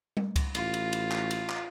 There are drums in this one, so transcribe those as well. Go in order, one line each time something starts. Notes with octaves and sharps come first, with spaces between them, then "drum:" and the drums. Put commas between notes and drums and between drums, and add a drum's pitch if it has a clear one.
drum: tom G3
drum: kick C#2, cymbal
A1 F4, drum: cymbal
drum: cymbal
drum: cymbal
drum: clap
drum: cymbal
drum: clap